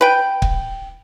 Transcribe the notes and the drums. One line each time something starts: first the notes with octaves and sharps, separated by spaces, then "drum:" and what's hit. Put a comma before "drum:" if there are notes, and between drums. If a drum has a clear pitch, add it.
B4 G5
drum: kick